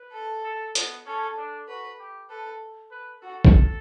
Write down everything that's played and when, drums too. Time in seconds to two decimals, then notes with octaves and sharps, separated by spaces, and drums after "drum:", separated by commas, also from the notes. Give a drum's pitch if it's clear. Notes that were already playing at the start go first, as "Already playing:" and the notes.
Already playing: B4
0.13 A4
0.44 A4
0.75 B3, drum: hi-hat
1.06 C#4 A4
1.37 D4
1.68 F#4 B4
1.99 G4
2.29 A4 B4
2.91 B4
3.22 F#4 A4
3.45 drum: kick